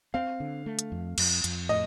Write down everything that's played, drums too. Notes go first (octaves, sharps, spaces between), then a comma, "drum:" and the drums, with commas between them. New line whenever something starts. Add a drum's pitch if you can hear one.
C4 F5
D3
A3
drum: hi-hat
F2
F2, drum: cymbal
F2, drum: hi-hat
A2 D#5